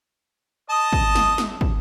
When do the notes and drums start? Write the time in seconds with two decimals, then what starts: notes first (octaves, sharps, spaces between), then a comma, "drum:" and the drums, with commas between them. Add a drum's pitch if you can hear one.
0.70 D#5 A5 D#6
0.93 drum: kick
1.15 drum: snare
1.38 drum: snare
1.61 drum: kick